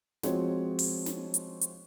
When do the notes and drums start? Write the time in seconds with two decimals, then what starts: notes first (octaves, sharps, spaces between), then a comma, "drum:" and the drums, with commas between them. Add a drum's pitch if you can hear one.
0.23 F3 G#3 C4 F#4 C#5 D#5, drum: snare
0.79 drum: open hi-hat
1.06 drum: snare
1.34 drum: hi-hat
1.62 drum: hi-hat